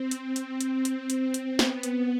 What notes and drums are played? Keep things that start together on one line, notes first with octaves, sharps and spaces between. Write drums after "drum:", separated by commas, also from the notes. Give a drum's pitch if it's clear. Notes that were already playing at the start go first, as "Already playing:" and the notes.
Already playing: C4
drum: hi-hat
drum: hi-hat
drum: hi-hat
drum: hi-hat
drum: hi-hat
drum: hi-hat
B3, drum: snare
drum: hi-hat